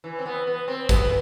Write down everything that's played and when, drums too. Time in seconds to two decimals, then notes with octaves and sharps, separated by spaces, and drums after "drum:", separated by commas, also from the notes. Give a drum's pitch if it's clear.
0.04 E3
0.19 C4
0.26 B3
0.47 B3
0.68 C4
0.89 B3, drum: kick, hi-hat